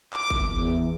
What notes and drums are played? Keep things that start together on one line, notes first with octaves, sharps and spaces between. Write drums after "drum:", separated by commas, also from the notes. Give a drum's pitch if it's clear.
D6, drum: clap
drum: kick G1
E2